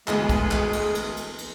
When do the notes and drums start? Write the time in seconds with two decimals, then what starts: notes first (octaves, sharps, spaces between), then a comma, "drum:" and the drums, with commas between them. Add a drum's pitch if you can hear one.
0.08 D2 E3 G#3 B3, drum: clap
0.29 drum: kick, cymbal
0.51 drum: clap
0.73 drum: cymbal
0.95 drum: cymbal
1.17 drum: cymbal
1.38 drum: cymbal